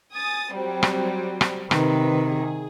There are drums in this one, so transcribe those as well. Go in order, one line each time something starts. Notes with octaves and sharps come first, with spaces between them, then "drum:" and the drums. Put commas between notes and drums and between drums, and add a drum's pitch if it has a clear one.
G#5 D#6 A6
F#3 G3 C4
drum: rim click
drum: rim click
C3 D#3 B4, drum: rim click
G#4